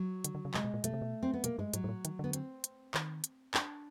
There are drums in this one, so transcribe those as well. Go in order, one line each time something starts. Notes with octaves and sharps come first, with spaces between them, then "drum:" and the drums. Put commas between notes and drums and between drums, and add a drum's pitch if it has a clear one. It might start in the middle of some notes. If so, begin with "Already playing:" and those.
Already playing: F#3
D3, drum: hi-hat
D3
C#3
C3 G#3, drum: clap
B2
A#2
B2 A3, drum: hi-hat
C3
B2
C4
B3
B2 A#3, drum: hi-hat
G2 G#3
G#2 F#3, drum: hi-hat
G#2
A2
D#3, drum: hi-hat
D3 B3
C4, drum: hi-hat
drum: hi-hat
D#3, drum: clap
drum: hi-hat
D4, drum: clap